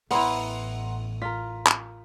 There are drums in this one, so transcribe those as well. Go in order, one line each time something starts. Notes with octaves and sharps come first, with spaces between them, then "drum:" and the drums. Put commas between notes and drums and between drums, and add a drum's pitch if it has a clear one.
A1 B3 E4 F#5 A#5 C6, drum: open hi-hat
F4 A#4 B6
drum: clap